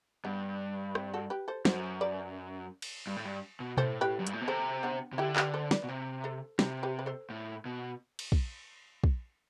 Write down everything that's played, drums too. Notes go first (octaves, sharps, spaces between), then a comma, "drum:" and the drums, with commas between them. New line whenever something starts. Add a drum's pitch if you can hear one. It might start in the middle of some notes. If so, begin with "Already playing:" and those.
G2 B3 D4
C4 E4, drum: rim click
F#4 A4
G4 B4
A4 C5
F#2 A4 C5, drum: snare
B4 D5
drum: cymbal
G2
A2
G2
B2
A2 A4 C5, drum: tom B2
G4 B4
F#2
G2, drum: hi-hat
A2
B2
C3 A4 C5
B3 D4
C3
D3 E4 G4
G4 B4, drum: clap
A4 C5
B4 D5, drum: snare
B2
C3
A4 C5
C3 G4 B4, drum: snare
G4 B4
B4
A4 C5
A2
B2
drum: cymbal
drum: kick
drum: kick